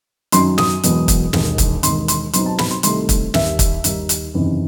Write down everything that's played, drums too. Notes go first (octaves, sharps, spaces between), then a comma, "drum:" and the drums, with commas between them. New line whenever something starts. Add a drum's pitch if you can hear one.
F#2 D#3 F#3 C6, drum: hi-hat
D#6, drum: snare
E1 E2 B2 F#3, drum: hi-hat
drum: kick, hi-hat
E1 D#2 D#3, drum: snare
drum: kick, hi-hat
E1 D#2 D#3 C6, drum: hi-hat
C6, drum: hi-hat
B1 B2 F#3 C4 D#4 C6, drum: hi-hat
A5
B5, drum: snare
C6
C2 C3 D#3 A3 C6, drum: hi-hat
drum: kick, hi-hat
D#2 D#3 G3 E5, drum: snare
drum: kick, hi-hat
D#2 D#3 G3 D#4, drum: hi-hat
drum: hi-hat
F#1 E2 C3 D#3